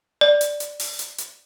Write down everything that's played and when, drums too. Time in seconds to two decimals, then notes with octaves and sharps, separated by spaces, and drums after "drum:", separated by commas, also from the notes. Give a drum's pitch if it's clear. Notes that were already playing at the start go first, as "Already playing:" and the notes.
0.21 D5
0.41 drum: hi-hat
0.60 drum: hi-hat
0.80 drum: open hi-hat
0.99 drum: hi-hat
1.18 drum: hi-hat